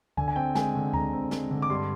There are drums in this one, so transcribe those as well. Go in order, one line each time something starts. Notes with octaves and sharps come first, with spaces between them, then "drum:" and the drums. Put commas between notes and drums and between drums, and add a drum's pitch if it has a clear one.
D3 G#5, drum: kick D2
G#5
C4 G5
G#3 G#5, drum: snare
D3
D3 A#5, drum: kick D2
C4
G#3, drum: snare
D3
D6
G2 C6